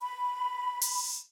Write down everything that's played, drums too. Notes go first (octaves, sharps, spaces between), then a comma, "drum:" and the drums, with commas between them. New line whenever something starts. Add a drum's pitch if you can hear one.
B5
drum: open hi-hat